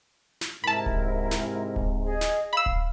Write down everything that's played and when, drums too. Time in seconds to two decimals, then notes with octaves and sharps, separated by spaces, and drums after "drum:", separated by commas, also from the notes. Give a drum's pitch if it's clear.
0.41 drum: snare
0.64 G#2 C3 E4 A#4 A5 B5
0.86 drum: kick D1
1.31 drum: snare
1.76 drum: kick D1
2.05 G#4 D#5
2.21 drum: snare
2.53 F5 B5 E6
2.66 drum: kick D1